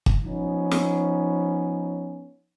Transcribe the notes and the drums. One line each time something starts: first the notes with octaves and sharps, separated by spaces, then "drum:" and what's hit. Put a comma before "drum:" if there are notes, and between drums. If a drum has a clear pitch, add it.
drum: kick
F3 B3 C#4 D#4
drum: snare